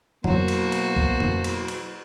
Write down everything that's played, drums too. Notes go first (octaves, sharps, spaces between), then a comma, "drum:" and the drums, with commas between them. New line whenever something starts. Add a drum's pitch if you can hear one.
B2 F#3 A#3 F#4 C5, drum: tom F2
drum: cymbal
drum: cymbal
drum: kick B1
drum: tom F2
drum: cymbal
drum: cymbal